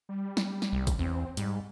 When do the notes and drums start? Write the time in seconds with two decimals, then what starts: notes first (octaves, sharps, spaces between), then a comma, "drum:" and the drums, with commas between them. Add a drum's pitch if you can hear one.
0.09 G3
0.37 drum: snare
0.62 drum: snare
0.72 C2
0.87 drum: kick, hi-hat
0.99 E2 C4
1.37 G#2 G3, drum: hi-hat